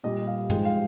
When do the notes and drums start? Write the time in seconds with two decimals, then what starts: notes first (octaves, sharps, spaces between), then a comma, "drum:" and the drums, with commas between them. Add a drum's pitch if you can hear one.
0.04 A#2 G3 D#5
0.27 F5
0.50 G#2 F3 G#3 G5, drum: tom
0.65 F5